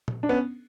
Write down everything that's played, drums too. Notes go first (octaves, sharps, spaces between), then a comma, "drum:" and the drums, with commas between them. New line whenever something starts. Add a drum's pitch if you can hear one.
drum: tom A#2
D4
B3 C#4